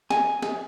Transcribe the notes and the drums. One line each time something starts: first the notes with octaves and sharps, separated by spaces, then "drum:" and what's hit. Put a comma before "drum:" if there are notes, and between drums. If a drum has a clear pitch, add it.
G#5, drum: snare
drum: snare